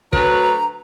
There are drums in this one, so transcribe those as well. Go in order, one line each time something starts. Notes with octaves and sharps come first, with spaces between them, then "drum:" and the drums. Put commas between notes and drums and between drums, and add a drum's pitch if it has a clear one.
D2 F#3 B4 A#5, drum: kick